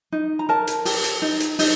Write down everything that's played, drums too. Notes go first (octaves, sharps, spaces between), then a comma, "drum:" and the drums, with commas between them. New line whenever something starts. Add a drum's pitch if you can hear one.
D#4
A#5
A#4 A5
drum: hi-hat
G4, drum: open hi-hat
drum: hi-hat
D#4
drum: hi-hat
D#4, drum: open hi-hat